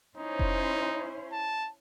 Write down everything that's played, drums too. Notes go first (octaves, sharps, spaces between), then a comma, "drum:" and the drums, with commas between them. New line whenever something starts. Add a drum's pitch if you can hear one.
C#4 D#4 E4 C5
drum: kick F1
A5